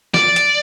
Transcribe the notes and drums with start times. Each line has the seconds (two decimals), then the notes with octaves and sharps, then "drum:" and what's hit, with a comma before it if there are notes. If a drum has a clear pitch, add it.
0.14 D5, drum: snare
0.36 drum: hi-hat